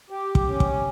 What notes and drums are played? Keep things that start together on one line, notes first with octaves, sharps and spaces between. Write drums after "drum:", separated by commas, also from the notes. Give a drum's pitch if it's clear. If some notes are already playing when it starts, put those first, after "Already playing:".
G4
drum: kick
C#4
drum: kick